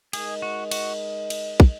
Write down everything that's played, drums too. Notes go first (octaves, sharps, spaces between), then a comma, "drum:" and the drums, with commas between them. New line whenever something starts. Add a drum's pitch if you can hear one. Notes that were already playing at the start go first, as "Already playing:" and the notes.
G#3 D#4 G#4 A#4 D#5, drum: cymbal
F#4
F#4, drum: cymbal
drum: cymbal
drum: kick